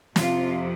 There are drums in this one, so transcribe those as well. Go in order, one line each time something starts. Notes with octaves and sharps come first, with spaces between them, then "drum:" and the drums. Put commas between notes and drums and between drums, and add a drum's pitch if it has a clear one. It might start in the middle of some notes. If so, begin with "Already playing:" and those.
F2 C3 F3 F4, drum: snare